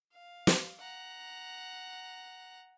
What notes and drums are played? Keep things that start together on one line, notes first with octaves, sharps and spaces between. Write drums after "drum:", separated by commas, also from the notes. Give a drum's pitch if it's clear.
F5
drum: snare
F#5 A#5